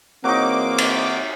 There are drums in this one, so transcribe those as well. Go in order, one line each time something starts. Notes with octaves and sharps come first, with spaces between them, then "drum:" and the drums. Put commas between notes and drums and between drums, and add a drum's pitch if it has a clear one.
E3 F#3 G#3 A#3 C4 D#4 D6
drum: cymbal